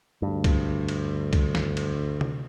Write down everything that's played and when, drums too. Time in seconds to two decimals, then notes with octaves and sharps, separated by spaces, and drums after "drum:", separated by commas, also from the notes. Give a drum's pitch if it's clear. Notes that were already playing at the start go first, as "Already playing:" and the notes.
0.22 D2 G2
0.44 drum: kick C2, cymbal
0.88 drum: cymbal
1.33 drum: kick C2, cymbal
1.55 drum: snare
1.77 drum: cymbal
2.21 drum: tom C3